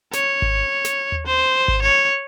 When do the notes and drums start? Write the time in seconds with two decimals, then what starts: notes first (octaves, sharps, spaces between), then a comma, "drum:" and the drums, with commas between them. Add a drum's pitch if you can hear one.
0.13 C#5, drum: snare
0.42 drum: kick G#1
0.85 drum: snare
1.12 drum: tom D#2
1.27 C5
1.68 drum: kick G#1
1.82 C#5